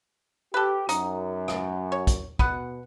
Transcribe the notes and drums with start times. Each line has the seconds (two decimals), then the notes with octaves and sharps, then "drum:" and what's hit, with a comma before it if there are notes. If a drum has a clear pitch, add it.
0.54 G4 A4 B4
0.89 F#2 D#4, drum: hi-hat
1.48 drum: rim click
1.92 C#5
2.07 drum: kick A#1, hi-hat
2.39 B2 B3 B4 F#5, drum: kick A#1